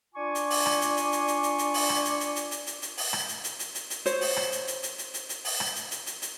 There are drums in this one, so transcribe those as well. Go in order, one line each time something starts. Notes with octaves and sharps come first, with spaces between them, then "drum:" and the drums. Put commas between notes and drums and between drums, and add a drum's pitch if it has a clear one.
D4 F4 G#5 C#6 D6
drum: hi-hat
drum: open hi-hat
drum: rim click
drum: hi-hat
drum: hi-hat
drum: hi-hat
drum: hi-hat
drum: hi-hat
drum: hi-hat
drum: open hi-hat
drum: rim click
drum: hi-hat
drum: hi-hat
drum: hi-hat
drum: hi-hat
drum: hi-hat
drum: hi-hat
drum: open hi-hat
drum: rim click
drum: hi-hat
drum: hi-hat
drum: hi-hat
drum: hi-hat
drum: hi-hat
C5 C#5, drum: hi-hat
drum: open hi-hat
drum: rim click
drum: hi-hat
drum: hi-hat
drum: hi-hat
drum: hi-hat
drum: hi-hat
drum: hi-hat
drum: open hi-hat
drum: rim click
drum: hi-hat
drum: hi-hat
drum: hi-hat
drum: hi-hat